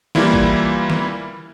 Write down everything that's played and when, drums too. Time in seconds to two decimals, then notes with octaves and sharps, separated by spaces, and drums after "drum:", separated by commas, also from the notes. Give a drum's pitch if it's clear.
0.15 E3 G3 A#3 E4 F4, drum: snare
0.34 drum: kick
0.90 drum: snare